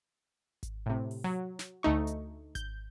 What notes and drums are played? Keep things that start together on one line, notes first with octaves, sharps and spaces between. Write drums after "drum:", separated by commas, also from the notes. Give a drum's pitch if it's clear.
drum: kick G#1, hi-hat
A2 C3
drum: open hi-hat
F#3
drum: snare
D2 A3 D#4 C#6
drum: hi-hat
G6, drum: kick G#1, hi-hat